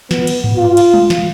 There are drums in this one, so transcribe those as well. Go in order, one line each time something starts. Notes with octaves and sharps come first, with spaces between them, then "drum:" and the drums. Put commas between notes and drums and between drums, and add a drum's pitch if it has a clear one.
B3, drum: snare
drum: cymbal
drum: tom G2
F4
drum: cymbal
drum: tom G3
drum: snare